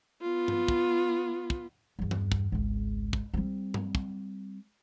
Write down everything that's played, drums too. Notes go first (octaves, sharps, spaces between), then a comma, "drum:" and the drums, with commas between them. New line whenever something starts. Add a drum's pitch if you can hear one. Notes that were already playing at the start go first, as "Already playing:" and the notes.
B3 F4
drum: tom G2
drum: kick
drum: kick
E2 G2
drum: tom
drum: kick
G#1 C#2
drum: kick
G3 C4
drum: tom G2
drum: kick